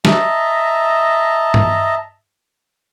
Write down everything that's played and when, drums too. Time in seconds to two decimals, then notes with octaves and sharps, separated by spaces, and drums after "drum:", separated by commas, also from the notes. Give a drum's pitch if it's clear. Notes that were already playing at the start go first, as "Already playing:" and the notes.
0.05 D#5 E5 A5 A#5, drum: snare
1.54 drum: tom G2